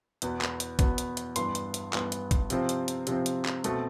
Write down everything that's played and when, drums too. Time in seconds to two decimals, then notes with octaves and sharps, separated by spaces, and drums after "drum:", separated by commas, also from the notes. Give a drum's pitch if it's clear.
0.22 E2 B2 B3, drum: hi-hat
0.41 drum: clap
0.60 drum: hi-hat
0.79 E2 B2 B3, drum: kick, hi-hat
0.98 drum: hi-hat
1.17 drum: hi-hat
1.36 G2 E3 B3 C6, drum: hi-hat
1.55 drum: hi-hat
1.74 drum: hi-hat
1.93 G2 E3 B3, drum: clap
2.12 drum: hi-hat
2.31 drum: kick, hi-hat
2.50 C3 F3 C4, drum: hi-hat
2.69 drum: hi-hat
2.88 drum: hi-hat
3.07 C3 F3 C4, drum: hi-hat
3.26 drum: hi-hat
3.45 drum: clap
3.64 B2 A3 C4, drum: hi-hat